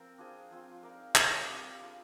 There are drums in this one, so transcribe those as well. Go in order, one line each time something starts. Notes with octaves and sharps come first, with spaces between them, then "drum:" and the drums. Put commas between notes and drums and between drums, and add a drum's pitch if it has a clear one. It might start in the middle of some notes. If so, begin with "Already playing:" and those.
Already playing: F3 C4 A#4
D4 F4 G#4 C5
F3 C4 F4 C5
D#4 A#4 D5 F5
G3 D4 G4 A#4, drum: clap
C4 G4 D5 F5
D4 F4 G#4